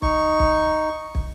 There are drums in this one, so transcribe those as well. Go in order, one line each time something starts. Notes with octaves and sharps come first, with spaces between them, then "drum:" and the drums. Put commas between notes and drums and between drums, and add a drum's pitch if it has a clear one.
D#4 C#6, drum: kick
drum: kick
drum: kick